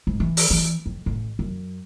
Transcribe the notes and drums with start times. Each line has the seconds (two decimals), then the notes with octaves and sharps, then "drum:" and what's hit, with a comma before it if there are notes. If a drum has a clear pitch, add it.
0.07 G#2
0.20 E3
0.37 drum: open hi-hat
0.50 E3
0.86 F2
1.06 A1
1.39 F#2